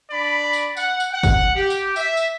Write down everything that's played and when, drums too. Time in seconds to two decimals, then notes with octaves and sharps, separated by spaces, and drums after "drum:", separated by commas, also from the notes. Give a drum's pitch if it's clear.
0.10 D4 D5 B5
0.53 drum: tambourine
0.77 F#5, drum: tambourine
1.00 drum: tambourine
1.11 F#5
1.23 drum: kick, tambourine
1.54 G4
1.70 drum: tambourine
1.96 E5, drum: tambourine
2.17 drum: tambourine